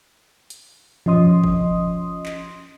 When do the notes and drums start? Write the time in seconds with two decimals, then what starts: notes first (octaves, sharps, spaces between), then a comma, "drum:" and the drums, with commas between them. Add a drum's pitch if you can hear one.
0.50 drum: hi-hat
1.06 F3 C#4 D#5 C6 D#6, drum: tom
1.44 drum: kick
2.26 drum: clap